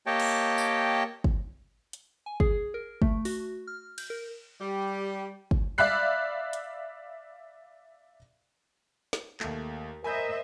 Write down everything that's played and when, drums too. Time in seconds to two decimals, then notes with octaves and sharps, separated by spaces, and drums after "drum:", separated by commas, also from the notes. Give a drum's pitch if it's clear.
0.06 A#3 G4 C#5 D#5 G5 A5
0.20 drum: cymbal
0.58 drum: tambourine
1.24 drum: kick
1.93 drum: hi-hat
2.26 G#5
2.40 G#4, drum: kick
2.74 A#4
3.02 A3, drum: kick
3.25 F#4, drum: open hi-hat
3.67 F6
3.98 G6, drum: cymbal
4.10 A#4
4.61 G3 G4
5.51 drum: kick
5.78 D5 E5 F5 B5 F#6 C7
6.53 drum: hi-hat
9.13 drum: snare
9.40 D#2 A3, drum: clap
10.04 A#4 C5 D#5 E5 G#5 B5 G6